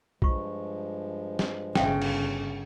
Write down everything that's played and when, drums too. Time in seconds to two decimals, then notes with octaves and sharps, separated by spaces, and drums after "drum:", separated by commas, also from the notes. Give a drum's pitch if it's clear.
0.22 G2 F3 G#3 F4 C#6, drum: kick A#1
1.39 drum: snare
1.75 G1 C#3 E5 F5 G5, drum: snare
2.02 drum: cymbal